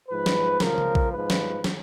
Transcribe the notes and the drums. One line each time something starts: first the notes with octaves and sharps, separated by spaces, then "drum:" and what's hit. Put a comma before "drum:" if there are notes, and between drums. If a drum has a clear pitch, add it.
G#2 F3 B4
drum: snare
C#2 C#3 F3 A#4, drum: snare
drum: tom C#3
drum: kick A#1
G#2 F3 B4
drum: snare
drum: snare